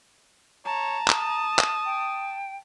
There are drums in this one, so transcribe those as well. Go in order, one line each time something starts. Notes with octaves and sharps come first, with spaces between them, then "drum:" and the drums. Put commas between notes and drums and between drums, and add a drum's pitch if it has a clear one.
C#5 A5 A#5
D#6, drum: clap
drum: clap
G5